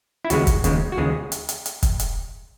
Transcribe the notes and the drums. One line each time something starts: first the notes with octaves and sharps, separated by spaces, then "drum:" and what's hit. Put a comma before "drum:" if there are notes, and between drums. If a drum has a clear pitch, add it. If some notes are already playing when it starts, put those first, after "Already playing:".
E4
D#2 C#3 G#3 F#4, drum: hi-hat
drum: kick, hi-hat
D#2 C#3 G#3, drum: hi-hat
F#4
D#2 C#3 G#3 G#4
drum: hi-hat
drum: hi-hat
drum: hi-hat
drum: kick, hi-hat
drum: hi-hat